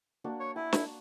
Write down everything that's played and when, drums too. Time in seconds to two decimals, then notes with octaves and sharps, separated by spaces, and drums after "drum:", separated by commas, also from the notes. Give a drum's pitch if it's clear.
0.24 A#3 D4 F#4
0.40 C#5
0.56 E4 G#5
0.73 drum: snare